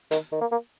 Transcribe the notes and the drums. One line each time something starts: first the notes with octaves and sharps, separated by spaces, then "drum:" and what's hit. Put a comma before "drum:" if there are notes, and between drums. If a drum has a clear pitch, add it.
D#3, drum: hi-hat
D#3
A#3
A#3